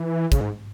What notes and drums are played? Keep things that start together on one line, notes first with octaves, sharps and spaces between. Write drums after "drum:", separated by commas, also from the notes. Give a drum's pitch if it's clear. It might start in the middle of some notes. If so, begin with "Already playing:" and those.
Already playing: E3
C#3, drum: kick, hi-hat
G#2